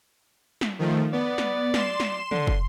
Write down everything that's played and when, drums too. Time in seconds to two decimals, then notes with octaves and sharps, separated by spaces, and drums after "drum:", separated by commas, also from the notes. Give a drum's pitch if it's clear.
0.61 drum: snare
0.79 D#3 F3 A3
1.13 B3 D5
1.38 drum: snare
1.74 C6 E7, drum: snare
2.00 drum: snare
2.31 D3 C6, drum: tom
2.47 drum: kick